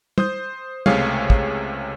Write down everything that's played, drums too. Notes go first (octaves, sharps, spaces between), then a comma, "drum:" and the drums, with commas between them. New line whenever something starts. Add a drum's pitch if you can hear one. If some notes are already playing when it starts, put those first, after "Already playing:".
C5 D#6 G6, drum: tom
C#2 C3 A3 G#4 C#5 F5, drum: tom
drum: kick